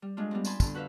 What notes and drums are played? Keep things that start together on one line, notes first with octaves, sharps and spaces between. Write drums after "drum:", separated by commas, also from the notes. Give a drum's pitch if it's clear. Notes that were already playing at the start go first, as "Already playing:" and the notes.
G3
G#3 A3 D4 F4
G3 B3 C4
C4 G#5 A5 B5 C6, drum: tambourine
G2 D3, drum: kick, tambourine
F#4 B4 C5 E5 F5